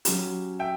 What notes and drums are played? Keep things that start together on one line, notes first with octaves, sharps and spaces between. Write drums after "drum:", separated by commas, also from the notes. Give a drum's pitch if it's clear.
F#3 C#4 G4, drum: hi-hat
E5 G5